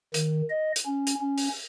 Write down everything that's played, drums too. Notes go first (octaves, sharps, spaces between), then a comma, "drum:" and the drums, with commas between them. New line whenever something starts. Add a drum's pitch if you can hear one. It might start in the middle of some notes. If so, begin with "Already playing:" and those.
D#3, drum: hi-hat
D#5
drum: hi-hat
C#4
drum: hi-hat
C#4
drum: open hi-hat